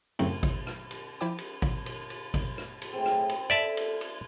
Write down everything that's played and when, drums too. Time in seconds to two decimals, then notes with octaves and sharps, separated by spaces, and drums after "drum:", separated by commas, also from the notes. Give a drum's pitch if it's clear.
0.19 F#2 A2 C#3 F#3 A3 C4, drum: cymbal
0.43 drum: kick G#1, cymbal
0.67 drum: rim click
0.91 drum: cymbal
1.21 F3 E4 C5 G5 D6
1.38 drum: cymbal
1.62 drum: kick G#1, cymbal
1.86 drum: cymbal
2.10 drum: cymbal
2.34 drum: kick G#1, cymbal
2.58 drum: rim click
2.82 drum: cymbal
2.93 A2 C4 G#4
3.06 drum: rim click
3.29 drum: cymbal
3.50 A4 D5 E5 A5
3.77 drum: cymbal
4.01 drum: cymbal